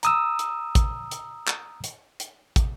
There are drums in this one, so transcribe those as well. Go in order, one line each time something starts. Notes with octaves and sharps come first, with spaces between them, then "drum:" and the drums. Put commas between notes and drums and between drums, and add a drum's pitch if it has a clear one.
A#5 D#6 E6, drum: hi-hat
drum: hi-hat
drum: kick, hi-hat
drum: hi-hat
drum: clap
drum: hi-hat
drum: hi-hat
drum: kick, hi-hat